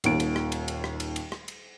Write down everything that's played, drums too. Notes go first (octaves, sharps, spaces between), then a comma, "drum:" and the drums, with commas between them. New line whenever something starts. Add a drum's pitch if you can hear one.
D#1 D#2 D7, drum: cymbal
drum: cymbal
drum: rim click
drum: cymbal
drum: cymbal
drum: rim click
drum: cymbal
drum: cymbal
drum: rim click
drum: cymbal